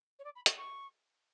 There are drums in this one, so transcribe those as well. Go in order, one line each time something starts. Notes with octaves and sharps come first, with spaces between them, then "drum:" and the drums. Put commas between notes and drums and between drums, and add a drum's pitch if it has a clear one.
C#5
D5
B5
C#6, drum: hi-hat
C#6